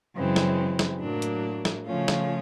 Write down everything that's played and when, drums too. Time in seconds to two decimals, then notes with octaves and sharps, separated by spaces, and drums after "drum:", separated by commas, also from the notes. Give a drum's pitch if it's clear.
0.15 F#2 C#3 E3 G#3 C4
0.36 drum: snare
0.79 drum: snare
1.00 A2 F#3 A#3 D4
1.22 drum: hi-hat
1.65 drum: snare
1.86 C#3 F3 A3 C#4 F4
2.08 drum: snare